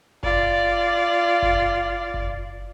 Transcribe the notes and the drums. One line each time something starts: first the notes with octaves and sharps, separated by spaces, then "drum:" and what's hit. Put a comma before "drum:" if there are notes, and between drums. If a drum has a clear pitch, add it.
F4 D5, drum: kick F#1
drum: kick F#1
drum: kick F#1